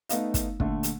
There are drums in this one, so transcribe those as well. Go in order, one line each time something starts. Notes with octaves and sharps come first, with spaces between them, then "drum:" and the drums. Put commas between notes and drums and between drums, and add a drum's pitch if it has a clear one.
A3 B3 D#4 F5, drum: hi-hat
drum: kick, hi-hat
A#2 D3 A3, drum: kick
drum: hi-hat